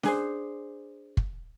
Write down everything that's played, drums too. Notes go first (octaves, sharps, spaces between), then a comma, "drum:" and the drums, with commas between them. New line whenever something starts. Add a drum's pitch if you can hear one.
D4 G#4 C5, drum: snare C#4
drum: kick